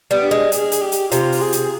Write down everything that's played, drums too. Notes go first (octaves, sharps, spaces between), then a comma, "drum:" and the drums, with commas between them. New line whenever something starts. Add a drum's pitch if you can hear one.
G3 B3
D4
G#3
G#4, drum: hi-hat
drum: hi-hat
G4
drum: hi-hat
C3 F4, drum: hi-hat
drum: open hi-hat
G#4
drum: hi-hat